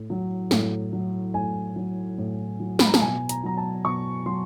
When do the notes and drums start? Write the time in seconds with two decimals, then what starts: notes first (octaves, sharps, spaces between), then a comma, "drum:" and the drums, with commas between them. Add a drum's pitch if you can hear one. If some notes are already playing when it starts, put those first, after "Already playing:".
Already playing: A2
0.10 F#3
0.51 A2, drum: snare
0.93 F#3
1.34 A2 G#5
1.76 F#3
2.18 A2
2.60 F#3
2.79 B5, drum: snare
2.87 A#5
2.94 A5, drum: snare
3.01 B2 G#5
3.29 A#5, drum: hi-hat
3.44 F#3 A#5
3.57 A5
3.84 B2 C#6
4.26 F#3 C6